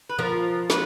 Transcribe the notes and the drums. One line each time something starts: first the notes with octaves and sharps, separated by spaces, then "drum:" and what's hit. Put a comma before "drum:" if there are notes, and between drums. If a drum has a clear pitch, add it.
B4
F3 A#4
B4, drum: snare